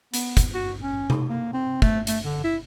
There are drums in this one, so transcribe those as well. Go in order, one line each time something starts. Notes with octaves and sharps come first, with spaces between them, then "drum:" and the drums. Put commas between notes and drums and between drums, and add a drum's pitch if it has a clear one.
B3, drum: hi-hat
drum: kick, hi-hat
F#4
C#4
drum: tom C3
A#3
C4
A3, drum: kick
A3, drum: hi-hat
D3
E4